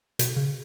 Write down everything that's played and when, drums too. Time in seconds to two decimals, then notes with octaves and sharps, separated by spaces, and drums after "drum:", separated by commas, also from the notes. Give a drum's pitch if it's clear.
0.19 B2, drum: hi-hat
0.36 C#3